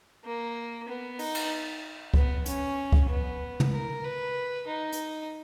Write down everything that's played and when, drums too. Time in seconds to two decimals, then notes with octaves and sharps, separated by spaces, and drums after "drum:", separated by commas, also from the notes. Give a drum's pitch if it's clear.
0.24 A#3
0.88 B3
1.19 D#4, drum: open hi-hat
1.34 drum: cymbal
2.14 B3, drum: kick C#2
2.46 C#4, drum: hi-hat
2.92 drum: kick C#2
3.09 B3
3.60 drum: tom
3.73 A#4
4.04 B4
4.67 D#4
4.92 drum: hi-hat